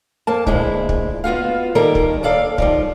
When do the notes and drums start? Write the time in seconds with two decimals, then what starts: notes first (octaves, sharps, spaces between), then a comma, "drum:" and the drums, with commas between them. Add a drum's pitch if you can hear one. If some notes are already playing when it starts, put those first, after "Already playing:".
0.27 F2 A#3 A5
0.47 D2 A#2 G#3 E4, drum: kick
0.89 drum: kick
1.24 B3 F4 F#4 F5
1.75 D#3 G3 A#3 G4 A4 A#4
1.95 drum: kick
2.23 D#2 A4 D5 F5
2.58 D#3 F3 G3, drum: kick